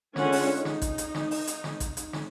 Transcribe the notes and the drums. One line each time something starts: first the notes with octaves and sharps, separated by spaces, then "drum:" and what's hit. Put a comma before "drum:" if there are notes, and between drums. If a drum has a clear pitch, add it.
D3 G#3 C#4 F4 F#5 G#5, drum: snare
drum: open hi-hat
D#4
drum: snare
drum: kick A1, hi-hat
drum: hi-hat
drum: snare
drum: open hi-hat
drum: hi-hat
drum: snare
drum: kick A1, hi-hat
drum: hi-hat
drum: snare